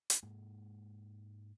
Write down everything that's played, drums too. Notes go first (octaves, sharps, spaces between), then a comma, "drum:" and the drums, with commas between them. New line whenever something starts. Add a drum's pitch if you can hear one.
drum: hi-hat
G#2 G#3 A#3